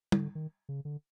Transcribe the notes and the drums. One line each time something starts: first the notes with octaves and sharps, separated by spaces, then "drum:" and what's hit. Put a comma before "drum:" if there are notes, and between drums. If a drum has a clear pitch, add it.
D3, drum: tom
D#3
C#3
D3